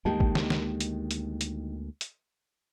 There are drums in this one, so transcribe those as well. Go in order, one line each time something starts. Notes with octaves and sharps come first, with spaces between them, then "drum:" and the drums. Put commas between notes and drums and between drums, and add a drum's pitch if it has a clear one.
D2 D#3 G#3 A#3 G4 A5
drum: kick
drum: snare
drum: snare
drum: hi-hat
drum: hi-hat
drum: hi-hat
drum: hi-hat